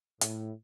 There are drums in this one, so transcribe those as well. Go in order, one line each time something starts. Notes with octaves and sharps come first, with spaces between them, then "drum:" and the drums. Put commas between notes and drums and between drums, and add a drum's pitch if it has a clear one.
A2, drum: hi-hat